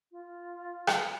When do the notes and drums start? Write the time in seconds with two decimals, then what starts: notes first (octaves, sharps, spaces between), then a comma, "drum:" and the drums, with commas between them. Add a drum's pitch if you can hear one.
0.12 F4
0.87 drum: rim click